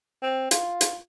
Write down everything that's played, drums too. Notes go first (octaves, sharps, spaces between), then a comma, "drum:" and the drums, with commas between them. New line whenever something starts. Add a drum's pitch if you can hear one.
C4
F4, drum: hi-hat
drum: hi-hat